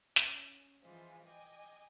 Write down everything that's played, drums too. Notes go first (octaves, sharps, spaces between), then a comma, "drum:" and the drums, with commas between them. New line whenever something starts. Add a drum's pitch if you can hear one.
C#4, drum: snare
E3 F3 G#3 F4 C5
D#5 G5 G#5 D6